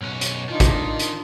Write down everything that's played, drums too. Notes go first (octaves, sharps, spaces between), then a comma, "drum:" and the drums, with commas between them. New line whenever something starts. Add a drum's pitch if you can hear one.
B1 C#4
drum: hi-hat
D#3 D4 D#4 F4
drum: kick, hi-hat
drum: hi-hat